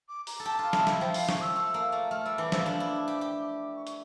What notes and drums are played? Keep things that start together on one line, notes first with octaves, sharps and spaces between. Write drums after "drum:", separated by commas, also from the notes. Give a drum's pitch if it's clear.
D6
A#5, drum: open hi-hat
A4
G4 A5
F4
E4, drum: snare
E4, drum: snare
F3 G5
F5, drum: open hi-hat
C#6, drum: snare
E6
A3
A#3
A3
A3 F6
G3 E6
E3 D6
F3 E6, drum: snare
D4 D6
E4
G4
G4
C#6
C#6, drum: hi-hat